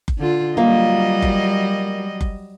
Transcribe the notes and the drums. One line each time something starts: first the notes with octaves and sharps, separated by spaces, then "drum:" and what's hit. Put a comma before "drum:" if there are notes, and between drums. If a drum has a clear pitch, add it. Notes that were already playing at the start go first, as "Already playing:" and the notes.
drum: kick F#1
D3 F4
F#3 G3 A#3 F4 D#5 F5
drum: kick F#1
drum: kick F#1